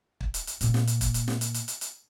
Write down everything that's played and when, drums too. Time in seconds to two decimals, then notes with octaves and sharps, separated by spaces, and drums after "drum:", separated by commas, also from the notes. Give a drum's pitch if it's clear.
0.21 drum: kick
0.34 drum: hi-hat
0.47 drum: hi-hat
0.61 A#2 A#3, drum: hi-hat
0.74 drum: snare
0.87 drum: hi-hat
1.01 drum: kick, hi-hat
1.14 drum: hi-hat
1.28 drum: snare
1.41 drum: hi-hat
1.54 drum: hi-hat
1.68 drum: hi-hat
1.81 drum: hi-hat